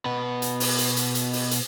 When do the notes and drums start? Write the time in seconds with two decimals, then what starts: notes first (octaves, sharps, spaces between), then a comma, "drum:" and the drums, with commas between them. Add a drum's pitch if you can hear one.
0.05 B2 B4
0.42 drum: hi-hat
0.60 drum: open hi-hat
0.78 drum: hi-hat
0.97 drum: hi-hat
1.15 drum: hi-hat
1.33 drum: open hi-hat
1.51 drum: hi-hat